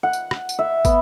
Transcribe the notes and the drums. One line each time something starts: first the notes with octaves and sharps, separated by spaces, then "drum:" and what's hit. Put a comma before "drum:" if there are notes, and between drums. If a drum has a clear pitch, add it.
F#5
drum: tambourine
drum: rim click
drum: tambourine
E5
B3, drum: kick, tambourine